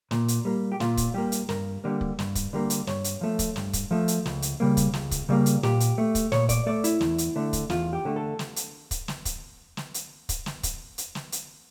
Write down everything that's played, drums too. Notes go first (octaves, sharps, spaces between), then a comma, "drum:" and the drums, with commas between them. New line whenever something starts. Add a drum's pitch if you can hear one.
A#2, drum: snare
drum: hi-hat
G3 A#3
G4
A#2 F4, drum: snare
drum: kick, hi-hat
G3 A#3 G4
drum: hi-hat
G2 A#4, drum: snare
D3 G3 A#3
drum: kick
G2, drum: snare
drum: kick, hi-hat
D3 G3 A#3
drum: hi-hat
G2 C#5, drum: snare
drum: hi-hat
F3 A3
drum: kick, hi-hat
G2, drum: snare
drum: kick, hi-hat
F3 A3
drum: hi-hat
C#2, drum: snare
drum: hi-hat
C#3 G3 A#3
drum: kick, hi-hat
C#2, drum: snare
drum: kick, hi-hat
C#3 G3 A#3
drum: hi-hat
A#2 G4, drum: snare
drum: hi-hat
A3
drum: kick, hi-hat
A#2 C#5, drum: snare
D5, drum: kick, hi-hat
A3 D5
E4, drum: hi-hat
E2, drum: snare
drum: hi-hat
D3 A3
drum: kick, hi-hat
E2 F4, drum: snare
G4
D3 A3
A4
drum: snare
drum: hi-hat
drum: kick, hi-hat
drum: snare
drum: kick, hi-hat
drum: snare
drum: hi-hat
drum: kick, hi-hat
drum: snare
drum: kick, hi-hat
drum: hi-hat
drum: snare
drum: hi-hat